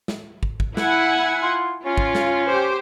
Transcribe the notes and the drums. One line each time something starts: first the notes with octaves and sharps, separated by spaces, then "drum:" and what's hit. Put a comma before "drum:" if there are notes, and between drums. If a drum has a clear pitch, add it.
drum: snare
drum: kick
drum: kick
E4 F#5 G#5, drum: snare
F4
C#4 F4
drum: kick
drum: snare
G4 C5